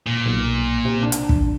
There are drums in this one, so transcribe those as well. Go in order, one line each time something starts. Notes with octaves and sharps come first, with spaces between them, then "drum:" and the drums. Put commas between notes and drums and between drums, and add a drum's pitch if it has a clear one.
A#2
B1
C3
D4
drum: hi-hat
drum: kick